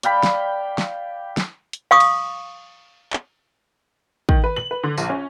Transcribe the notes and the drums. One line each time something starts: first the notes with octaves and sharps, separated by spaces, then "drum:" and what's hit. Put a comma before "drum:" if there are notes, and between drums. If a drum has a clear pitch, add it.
D5 F5 G5 B5, drum: hi-hat
drum: snare
drum: snare
drum: snare
drum: hi-hat
F5 C#6 D#6
drum: cymbal
drum: clap
D#3, drum: kick
B4
F#7
B4
D3
A#1, drum: tambourine
C#4